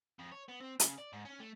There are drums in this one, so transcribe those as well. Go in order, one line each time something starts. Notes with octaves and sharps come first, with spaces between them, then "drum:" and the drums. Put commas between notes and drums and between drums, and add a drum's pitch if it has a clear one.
F2
C#5
B3
C4
C#3, drum: hi-hat
D5
G#2
C#4
A3